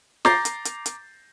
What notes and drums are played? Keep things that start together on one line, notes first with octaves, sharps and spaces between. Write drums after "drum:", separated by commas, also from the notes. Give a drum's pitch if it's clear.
A#5 D6 G6 A6 A#6 C7, drum: snare
drum: hi-hat
drum: hi-hat
drum: hi-hat